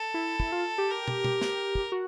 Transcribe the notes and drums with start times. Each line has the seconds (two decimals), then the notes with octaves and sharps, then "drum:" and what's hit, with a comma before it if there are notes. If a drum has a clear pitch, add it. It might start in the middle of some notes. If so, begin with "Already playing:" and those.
Already playing: A4
0.14 E4
0.40 E4, drum: kick
0.52 F4
0.78 G4
0.91 A#4
1.08 drum: tom
1.25 drum: tom
1.41 drum: snare
1.75 drum: kick
1.92 F#4